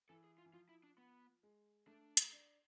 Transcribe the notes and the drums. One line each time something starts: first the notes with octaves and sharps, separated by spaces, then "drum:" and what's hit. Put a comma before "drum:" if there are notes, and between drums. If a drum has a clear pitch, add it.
E3 A4
G#4
F4
E3
F3 F4
E4
D4
B3
G#3
A3 D4
drum: hi-hat
D4